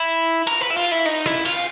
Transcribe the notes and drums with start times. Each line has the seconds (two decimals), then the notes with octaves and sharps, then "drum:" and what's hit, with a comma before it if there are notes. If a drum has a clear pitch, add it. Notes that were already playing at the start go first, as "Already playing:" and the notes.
Already playing: E4
0.47 A#4, drum: cymbal
0.61 B4
0.70 E4
0.76 F4
0.91 E4
1.06 D#4, drum: cymbal
1.26 E4, drum: rim click
1.45 F4, drum: cymbal